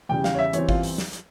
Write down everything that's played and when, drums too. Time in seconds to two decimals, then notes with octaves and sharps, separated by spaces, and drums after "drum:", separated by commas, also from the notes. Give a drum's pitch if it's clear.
0.09 E2 C#3 G3 G5
0.24 F5, drum: snare
0.35 C#5
0.39 E5
0.53 E2 E3 G3 C4 C#5, drum: hi-hat
0.69 F4, drum: kick G#1
0.83 drum: open hi-hat
0.98 drum: snare
1.13 drum: hi-hat